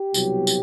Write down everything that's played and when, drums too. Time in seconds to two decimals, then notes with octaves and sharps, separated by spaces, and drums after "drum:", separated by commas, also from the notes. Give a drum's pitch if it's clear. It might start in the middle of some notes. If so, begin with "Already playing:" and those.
Already playing: G4
0.14 C2 B2 F#3, drum: tambourine
0.47 drum: tambourine